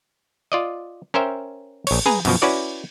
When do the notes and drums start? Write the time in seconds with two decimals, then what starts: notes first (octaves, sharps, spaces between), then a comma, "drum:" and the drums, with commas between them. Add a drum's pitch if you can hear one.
0.52 F4 D5 D#5
1.14 C#4 A#4 C5 E5 G5
1.87 A#1 C#5, drum: cymbal
2.06 G#4 B4 G#5 A#5, drum: tom
2.25 F#2 B2 F3, drum: cymbal
2.42 C#4 E4 F#4 B4 C#5 D5